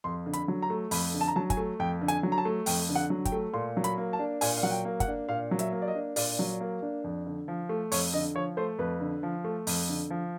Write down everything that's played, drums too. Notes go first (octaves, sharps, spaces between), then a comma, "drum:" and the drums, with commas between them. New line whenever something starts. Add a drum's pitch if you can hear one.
F2 C6
D3
B5, drum: hi-hat
F#3
A#5
A3
F2 B5, drum: open hi-hat
D3
A5
A#5
F#3 A5
G#5, drum: kick F#1, hi-hat
A3
F2 G5
D3
G#5, drum: hi-hat
F#3
A#5
A5
A3
F2 G5, drum: open hi-hat
D3
F#5
F#3
G5, drum: kick F#1, hi-hat
A3
A#2 C6
F#3
B5, drum: hi-hat
A#3
A5
D4
A#2 G#5, drum: open hi-hat
F5
F#3 F#5
G5
A#3
F#5, drum: kick F#1, hi-hat
D4
A#2 F5
F#3
E5, drum: hi-hat
A#3
D5
D#5
D4
A#2 D5, drum: open hi-hat
F#3
A#3
D4
F2
D3
F3
A3
F2 C#5, drum: open hi-hat
D3 D#5
F3 C#5
A3 C5
F2 B4
D3
F3
A3
F2, drum: open hi-hat
D3
F3